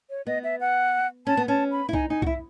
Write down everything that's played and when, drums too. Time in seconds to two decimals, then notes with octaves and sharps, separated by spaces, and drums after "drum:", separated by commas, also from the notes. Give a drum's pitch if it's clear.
0.10 C#5
0.27 B3 D#5
0.44 E5
0.60 F#5
1.27 C#4 A5
1.37 B3
1.48 C#4 A5
1.71 B5
1.89 E4
1.93 D#4 G#5, drum: kick
2.10 D#4 G#5
2.22 F#4, drum: kick
2.26 E4 E5